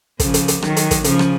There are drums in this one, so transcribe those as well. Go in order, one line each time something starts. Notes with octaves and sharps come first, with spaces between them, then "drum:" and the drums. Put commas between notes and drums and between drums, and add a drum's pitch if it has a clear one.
C#3 F3, drum: kick, hi-hat
drum: hi-hat
drum: hi-hat
D#3 F#3, drum: rim click
drum: hi-hat
drum: kick, hi-hat
C#3 F3, drum: hi-hat
drum: rim click